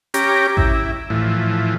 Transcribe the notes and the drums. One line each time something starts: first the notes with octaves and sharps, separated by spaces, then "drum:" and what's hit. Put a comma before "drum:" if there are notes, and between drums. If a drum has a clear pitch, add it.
C#4 G4 A#5 D6, drum: hi-hat
E4, drum: kick A1
A2 E3 F3